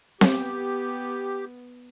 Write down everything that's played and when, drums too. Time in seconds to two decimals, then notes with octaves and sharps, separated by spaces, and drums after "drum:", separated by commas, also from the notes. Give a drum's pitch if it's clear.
0.21 B3 G4, drum: snare C4